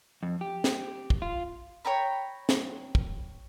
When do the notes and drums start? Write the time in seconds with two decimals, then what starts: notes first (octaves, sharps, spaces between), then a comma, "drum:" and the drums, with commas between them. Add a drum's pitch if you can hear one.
0.23 F2
0.41 G4
0.64 drum: snare
1.10 drum: kick
1.22 F4
1.85 C#5 G5 A#5 B5
2.49 drum: snare
2.95 drum: kick